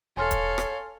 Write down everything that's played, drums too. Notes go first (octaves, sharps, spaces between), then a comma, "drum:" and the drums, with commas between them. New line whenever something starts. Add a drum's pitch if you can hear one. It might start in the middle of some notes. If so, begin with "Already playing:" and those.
E1 A4 C#5 F5 G#5 C6 F6
drum: kick, hi-hat
drum: rim click